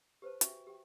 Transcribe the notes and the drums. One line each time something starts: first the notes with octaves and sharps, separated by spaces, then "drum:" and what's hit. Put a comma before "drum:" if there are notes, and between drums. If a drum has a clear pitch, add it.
G4 B4 C5 A5
F#4 E5 G5 G#5 C#6, drum: hi-hat
G4 G5